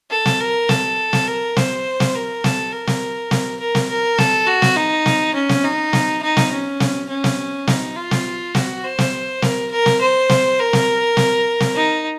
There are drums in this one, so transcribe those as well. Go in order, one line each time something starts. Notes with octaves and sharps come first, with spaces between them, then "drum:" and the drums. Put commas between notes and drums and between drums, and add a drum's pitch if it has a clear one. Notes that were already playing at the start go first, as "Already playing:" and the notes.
A4
drum: snare
A#4
A4, drum: snare
drum: snare
A#4
C5, drum: snare
drum: snare
A#4
A4, drum: snare
A#4
drum: snare
drum: snare
A#4
drum: snare
A#4
A4, drum: snare
F#4
drum: snare
D#4
drum: snare
C#4
drum: snare
D#4
drum: snare
D#4
drum: snare
C#4
drum: snare
C#4
drum: snare
D#4, drum: snare
F4
drum: snare
F#4, drum: snare
C5
drum: snare
A#4, drum: snare
A#4
drum: snare
C5
drum: snare
A#4
drum: snare
drum: snare
drum: snare
D#4